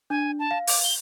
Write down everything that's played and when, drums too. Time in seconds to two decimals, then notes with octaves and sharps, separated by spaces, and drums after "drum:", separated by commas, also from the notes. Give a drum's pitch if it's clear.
0.10 D4 G#5
0.39 A5
0.51 F5
0.67 D6, drum: open hi-hat
0.83 G7